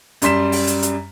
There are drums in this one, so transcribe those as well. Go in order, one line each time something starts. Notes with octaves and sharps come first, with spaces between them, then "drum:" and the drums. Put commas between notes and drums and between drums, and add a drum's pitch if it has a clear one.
F#2 G3 C6 B6 E7, drum: hi-hat
drum: open hi-hat
drum: hi-hat
drum: hi-hat